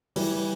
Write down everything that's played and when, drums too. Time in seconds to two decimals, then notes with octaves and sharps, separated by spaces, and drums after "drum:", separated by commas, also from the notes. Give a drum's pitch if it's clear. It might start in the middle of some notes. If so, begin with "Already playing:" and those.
0.16 E3 G3, drum: open hi-hat